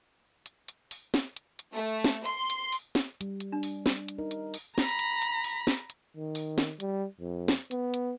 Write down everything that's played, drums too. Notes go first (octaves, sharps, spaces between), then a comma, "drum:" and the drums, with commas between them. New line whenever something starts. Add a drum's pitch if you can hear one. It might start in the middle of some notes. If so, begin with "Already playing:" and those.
drum: hi-hat
drum: hi-hat
drum: open hi-hat
drum: snare
drum: hi-hat
drum: hi-hat
A3
drum: snare
C6, drum: hi-hat
drum: hi-hat
drum: open hi-hat
drum: snare
G3, drum: hi-hat
drum: hi-hat
D4
drum: open hi-hat
drum: snare
drum: hi-hat
D#4 A#4
drum: hi-hat
drum: open hi-hat
A#5 B5, drum: snare
drum: hi-hat
drum: hi-hat
drum: open hi-hat
drum: snare
drum: hi-hat
D#3
drum: open hi-hat
drum: snare
G3, drum: hi-hat
F2
drum: snare
B3, drum: hi-hat
drum: hi-hat